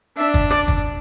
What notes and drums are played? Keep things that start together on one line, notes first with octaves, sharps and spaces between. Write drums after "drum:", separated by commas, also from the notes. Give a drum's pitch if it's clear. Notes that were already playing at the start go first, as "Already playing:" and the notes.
D4 E5
drum: kick, hi-hat
D5, drum: rim click
drum: kick, hi-hat